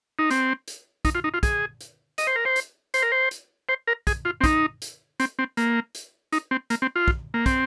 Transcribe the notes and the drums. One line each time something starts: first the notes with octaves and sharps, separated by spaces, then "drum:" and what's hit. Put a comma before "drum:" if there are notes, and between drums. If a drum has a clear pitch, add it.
D#4
C4, drum: hi-hat
drum: hi-hat
D#4, drum: kick, hi-hat
F4
D#4
F4
G#4, drum: kick, hi-hat
drum: hi-hat
D#5, drum: hi-hat
C5
A#4
C5
drum: hi-hat
C5, drum: hi-hat
A#4
C5
drum: hi-hat
C5
A#4
G#4, drum: kick, hi-hat
F4
C4
D#4, drum: kick, hi-hat
drum: hi-hat
C4, drum: hi-hat
C4
A#3, drum: hi-hat
drum: hi-hat
D#4, drum: hi-hat
C4
A#3, drum: hi-hat
C4
F4
drum: kick
A#3
C4, drum: kick, hi-hat